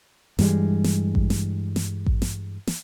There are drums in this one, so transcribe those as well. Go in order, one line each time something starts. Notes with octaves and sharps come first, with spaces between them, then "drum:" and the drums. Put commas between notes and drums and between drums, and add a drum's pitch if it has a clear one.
G2 E3 G3 G#3, drum: snare
drum: snare
drum: kick A1
drum: snare
drum: snare
drum: kick A1
drum: snare
drum: snare